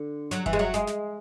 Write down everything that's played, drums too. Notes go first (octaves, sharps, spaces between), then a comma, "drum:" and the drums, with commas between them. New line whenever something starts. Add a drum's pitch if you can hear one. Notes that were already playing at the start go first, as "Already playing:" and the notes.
Already playing: D3
F#3, drum: snare
E3, drum: kick F#1
G#3
F#3
G#3, drum: snare
drum: snare